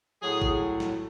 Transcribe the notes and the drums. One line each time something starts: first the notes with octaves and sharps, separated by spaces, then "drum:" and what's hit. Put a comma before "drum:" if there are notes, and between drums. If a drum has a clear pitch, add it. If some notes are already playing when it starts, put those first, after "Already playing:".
A2 F#3 G#4
drum: kick A1
drum: snare